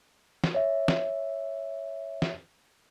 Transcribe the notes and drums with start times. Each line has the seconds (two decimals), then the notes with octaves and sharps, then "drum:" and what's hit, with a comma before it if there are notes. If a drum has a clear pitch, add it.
0.44 drum: snare
0.55 C#5 E5
0.88 drum: snare
2.22 drum: snare